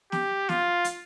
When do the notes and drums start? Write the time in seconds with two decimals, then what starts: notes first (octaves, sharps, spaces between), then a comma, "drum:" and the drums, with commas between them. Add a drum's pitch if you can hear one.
0.12 G4, drum: snare
0.49 F4, drum: snare
0.84 drum: hi-hat